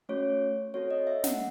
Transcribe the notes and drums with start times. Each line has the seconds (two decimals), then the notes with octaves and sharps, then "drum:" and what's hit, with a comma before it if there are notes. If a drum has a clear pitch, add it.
0.09 A3 C#4 F#4 C#5
0.74 C4 F#4 A4 C#5
0.91 D#5
1.07 E5
1.24 F#5, drum: snare